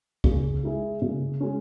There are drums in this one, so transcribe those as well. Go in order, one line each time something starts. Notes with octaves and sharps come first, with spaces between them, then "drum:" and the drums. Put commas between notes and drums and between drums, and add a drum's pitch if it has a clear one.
C#3, drum: kick C#2
G#3 E4 G#4
C#3
G#3 C#4